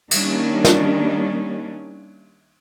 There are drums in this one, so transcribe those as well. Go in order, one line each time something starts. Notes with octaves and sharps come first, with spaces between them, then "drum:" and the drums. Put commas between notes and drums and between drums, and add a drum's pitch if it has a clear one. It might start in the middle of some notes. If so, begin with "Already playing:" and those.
D#3 G3 A#3 C#4 D4, drum: cymbal
drum: snare